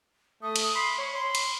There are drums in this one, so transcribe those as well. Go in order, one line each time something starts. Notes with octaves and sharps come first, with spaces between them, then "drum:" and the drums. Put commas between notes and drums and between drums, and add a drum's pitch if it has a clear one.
A3 D#6
drum: cymbal
B5 C6
C#5 C#6
B5 C6
drum: cymbal